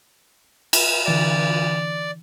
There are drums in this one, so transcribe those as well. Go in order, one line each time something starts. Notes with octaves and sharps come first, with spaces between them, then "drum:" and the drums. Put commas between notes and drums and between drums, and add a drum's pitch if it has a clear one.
drum: cymbal
D3 E3 D5 A6